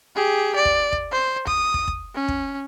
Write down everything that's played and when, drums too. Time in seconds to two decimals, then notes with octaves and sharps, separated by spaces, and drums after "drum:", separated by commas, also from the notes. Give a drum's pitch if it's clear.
0.16 G4 G#4
0.55 D5
0.65 drum: kick
0.92 drum: kick
1.12 C5
1.47 D#6, drum: kick
1.74 drum: kick
1.88 drum: kick
2.15 C#4
2.28 drum: kick